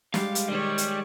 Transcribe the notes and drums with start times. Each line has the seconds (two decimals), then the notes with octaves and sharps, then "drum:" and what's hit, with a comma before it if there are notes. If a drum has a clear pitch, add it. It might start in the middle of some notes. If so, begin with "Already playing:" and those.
0.14 G3 G#3 F5, drum: snare
0.35 drum: hi-hat
0.49 D#3 G3 C#5
0.78 drum: hi-hat